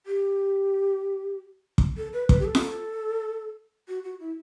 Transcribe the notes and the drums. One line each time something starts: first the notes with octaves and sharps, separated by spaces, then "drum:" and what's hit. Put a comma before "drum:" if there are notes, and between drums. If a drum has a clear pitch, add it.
G4
drum: kick
A4
B4
B4, drum: kick
G4
A4
drum: snare F4
F#4
F#4
E4